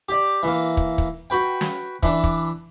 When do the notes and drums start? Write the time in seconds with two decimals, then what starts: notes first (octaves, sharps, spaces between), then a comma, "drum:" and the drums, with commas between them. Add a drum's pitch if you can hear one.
0.09 G4 D5
0.43 E3 A#3
0.77 drum: kick
0.98 drum: kick
1.30 F#4 B4 G5
1.61 drum: snare
2.03 E3 D4, drum: kick
2.24 drum: kick